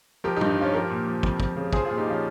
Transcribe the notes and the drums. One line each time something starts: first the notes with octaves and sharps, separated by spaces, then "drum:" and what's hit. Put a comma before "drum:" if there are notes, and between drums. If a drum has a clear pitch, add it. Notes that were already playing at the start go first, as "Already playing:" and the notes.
F3 G4 A#4
D#4 G4
G2, drum: tom
D#4
F3 C#4 F4
F3 G4 A#4
A#2
F3
F2, drum: kick
F3, drum: kick
C#3
F3 G#4 C5, drum: kick
F4 G#4
A#2
D#4 G4
F3 C#4 F4